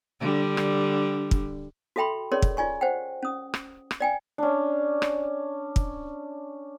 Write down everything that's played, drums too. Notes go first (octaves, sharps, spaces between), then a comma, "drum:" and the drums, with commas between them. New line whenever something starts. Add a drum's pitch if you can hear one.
D3 G3
drum: rim click
drum: kick
F#4 A4 E5 G5 B5 C6
C#4 G#4 A#4 C#5 D5 C6
drum: kick
F4 D5 G#5 C#6
C5 F#5 G5
C#4 D#6
drum: rim click
drum: rim click
D5 G5 G#5
C#4 D4
drum: rim click
drum: kick